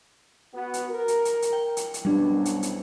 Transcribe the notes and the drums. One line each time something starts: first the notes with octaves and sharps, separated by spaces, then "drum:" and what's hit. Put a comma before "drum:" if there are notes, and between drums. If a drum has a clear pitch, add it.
B3 F#4
drum: hi-hat
A#4
drum: hi-hat
drum: hi-hat
drum: hi-hat
G5
drum: hi-hat
drum: hi-hat
C2 F#2 B2 G3 D4
drum: hi-hat
drum: hi-hat